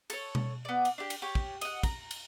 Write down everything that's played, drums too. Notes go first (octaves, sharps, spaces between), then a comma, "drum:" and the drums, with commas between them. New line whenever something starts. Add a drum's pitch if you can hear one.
A4 C#5, drum: cymbal
drum: tom B2
B3 D5
drum: cymbal
D4 G4
drum: cymbal
G4 C#5
drum: kick
D#5 F#5, drum: cymbal
A#5, drum: kick, cymbal
drum: cymbal